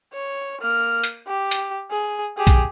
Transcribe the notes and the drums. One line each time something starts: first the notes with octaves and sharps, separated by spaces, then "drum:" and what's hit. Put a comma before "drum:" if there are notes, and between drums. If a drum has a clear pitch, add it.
C#5
A#3 F6
drum: hi-hat
G4
drum: hi-hat
G#4
G4 G#4
drum: kick, hi-hat